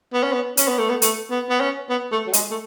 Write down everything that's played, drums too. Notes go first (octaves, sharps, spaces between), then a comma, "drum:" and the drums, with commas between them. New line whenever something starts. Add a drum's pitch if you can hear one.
B3
C#4
B3
C#4, drum: hi-hat
B3
A3
B3
A3, drum: hi-hat
B3
B3
C#4
B3
A3
F#3
G#3, drum: hi-hat
A3